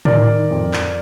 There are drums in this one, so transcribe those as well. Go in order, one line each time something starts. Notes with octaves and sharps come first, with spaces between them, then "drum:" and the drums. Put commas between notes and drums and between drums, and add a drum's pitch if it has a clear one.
D#3 A#4 D5, drum: tom A2
D#3
F2
F2, drum: clap